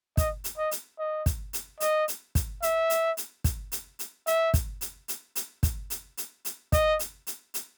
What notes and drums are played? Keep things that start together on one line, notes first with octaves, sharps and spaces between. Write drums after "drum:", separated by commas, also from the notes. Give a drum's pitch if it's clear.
D#5, drum: kick, hi-hat
drum: hi-hat
D#5
drum: hi-hat
D#5
drum: kick, hi-hat
drum: hi-hat
D#5, drum: hi-hat
drum: hi-hat
drum: kick, hi-hat
E5, drum: hi-hat
drum: hi-hat
drum: hi-hat
drum: kick, hi-hat
drum: hi-hat
drum: hi-hat
E5, drum: hi-hat
drum: kick, hi-hat
drum: hi-hat
drum: hi-hat
drum: hi-hat
drum: kick, hi-hat
drum: hi-hat
drum: hi-hat
drum: hi-hat
D#5, drum: kick, hi-hat
drum: hi-hat
drum: hi-hat
drum: hi-hat